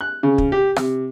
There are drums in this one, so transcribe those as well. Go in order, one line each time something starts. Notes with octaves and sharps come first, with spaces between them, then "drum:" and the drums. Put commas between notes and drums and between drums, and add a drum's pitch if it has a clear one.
F#6
C#3
drum: kick
G4
C3, drum: rim click